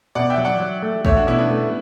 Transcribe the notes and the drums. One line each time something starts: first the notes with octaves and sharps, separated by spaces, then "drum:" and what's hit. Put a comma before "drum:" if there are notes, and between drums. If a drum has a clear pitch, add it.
B2 D5 F#5
E5 G5
F#3
D5 F#5
F#3
A3
A3 C#5 E5, drum: kick
D4 F#4
B2 C#4 E4
B3 D4
A3